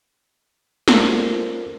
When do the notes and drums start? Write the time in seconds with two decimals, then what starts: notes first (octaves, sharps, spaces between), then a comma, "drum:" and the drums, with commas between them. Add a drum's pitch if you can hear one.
0.88 C#4 F4 A4 A#4 C5 D5, drum: snare